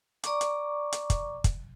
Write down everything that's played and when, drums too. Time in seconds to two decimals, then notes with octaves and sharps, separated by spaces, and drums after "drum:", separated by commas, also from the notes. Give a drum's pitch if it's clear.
0.24 D5 A#5 C#6 D6, drum: hi-hat
0.41 drum: hi-hat
0.93 drum: hi-hat
1.10 drum: kick, hi-hat
1.44 drum: kick, hi-hat